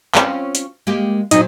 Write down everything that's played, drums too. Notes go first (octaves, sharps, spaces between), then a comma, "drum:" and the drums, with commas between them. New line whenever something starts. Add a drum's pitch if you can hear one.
C4 C#4 F4, drum: clap
drum: hi-hat
G#3 A#3 G4
A#2 F#3 C4 D#4 D#5, drum: hi-hat